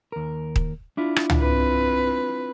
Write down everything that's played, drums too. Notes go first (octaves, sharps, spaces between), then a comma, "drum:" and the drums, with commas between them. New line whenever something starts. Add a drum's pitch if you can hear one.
D#2 A#4
drum: kick D#1
D4 E4 F4
drum: rim click
drum: tom C#2
C4 B4